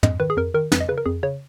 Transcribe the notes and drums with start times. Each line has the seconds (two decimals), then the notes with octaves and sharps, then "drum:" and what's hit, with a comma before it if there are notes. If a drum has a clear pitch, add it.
0.03 F2 D#5, drum: tom
0.20 D#3 B4
0.30 G#4
0.37 F2 A#4
0.54 D#3 A#4
0.72 F2 B4, drum: snare
0.80 D#5
0.89 C#3 B4
0.98 A#4
1.06 F2 G#4
1.23 C#3 C#5